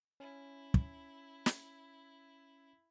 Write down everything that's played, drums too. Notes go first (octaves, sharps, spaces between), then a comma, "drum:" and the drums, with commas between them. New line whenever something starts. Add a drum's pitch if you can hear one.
C#4 E4
drum: kick
drum: snare